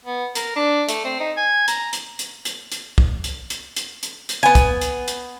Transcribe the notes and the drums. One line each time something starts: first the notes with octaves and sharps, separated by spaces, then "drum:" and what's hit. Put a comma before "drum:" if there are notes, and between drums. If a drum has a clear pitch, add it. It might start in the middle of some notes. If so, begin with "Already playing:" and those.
B3
A#4, drum: hi-hat
D4
A3, drum: hi-hat
C4
D#4
G#5
A#5, drum: hi-hat
drum: hi-hat
drum: hi-hat
drum: hi-hat
drum: hi-hat
drum: kick
drum: hi-hat
drum: hi-hat
drum: hi-hat
drum: hi-hat
drum: hi-hat
B3 G#5
drum: kick, hi-hat
drum: hi-hat
drum: hi-hat